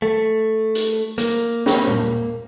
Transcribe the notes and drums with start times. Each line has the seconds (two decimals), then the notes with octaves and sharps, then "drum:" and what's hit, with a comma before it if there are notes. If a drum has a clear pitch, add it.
0.02 A3
0.75 drum: hi-hat
1.18 A#3, drum: hi-hat
1.66 A#3, drum: snare
1.87 drum: tom A#2